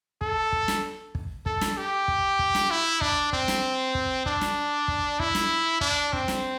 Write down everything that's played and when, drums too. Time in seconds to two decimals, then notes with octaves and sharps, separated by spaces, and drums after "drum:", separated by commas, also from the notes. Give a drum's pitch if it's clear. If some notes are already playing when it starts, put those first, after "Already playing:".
0.21 A4, drum: kick
0.52 drum: kick
0.68 drum: snare
1.15 drum: kick
1.46 A4, drum: kick
1.61 drum: snare
1.77 G4
2.08 drum: kick
2.39 drum: kick
2.55 drum: snare
2.71 E4
3.01 D4, drum: kick
3.33 C4, drum: kick
3.48 drum: snare
3.95 drum: kick
4.26 D4, drum: kick
4.41 drum: snare
4.88 drum: kick
5.19 E4, drum: kick
5.35 drum: snare
5.81 D4, drum: kick
6.13 C4, drum: kick
6.28 drum: snare